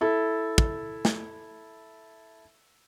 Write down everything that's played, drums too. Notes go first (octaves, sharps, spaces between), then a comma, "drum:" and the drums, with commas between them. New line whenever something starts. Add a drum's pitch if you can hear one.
E4 A4
drum: kick
drum: snare